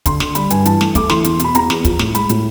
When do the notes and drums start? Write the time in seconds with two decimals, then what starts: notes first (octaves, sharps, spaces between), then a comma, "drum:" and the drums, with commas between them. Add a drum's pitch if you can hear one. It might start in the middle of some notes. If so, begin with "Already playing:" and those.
0.06 D3 C6, drum: kick, hi-hat
0.20 D3, drum: snare
0.35 G3 B5, drum: hi-hat
0.50 G2 G#5, drum: hi-hat
0.65 E3 A5, drum: hi-hat
0.81 A3, drum: snare
0.95 A3 D6, drum: kick, hi-hat
1.10 E3 C6, drum: snare
1.24 E2, drum: hi-hat
1.40 B2 B5, drum: hi-hat
1.55 E2 A#5, drum: hi-hat
1.70 E2, drum: snare
1.85 F3, drum: kick, hi-hat
1.99 A2, drum: snare
2.15 G#3 B5, drum: hi-hat
2.29 A2, drum: hi-hat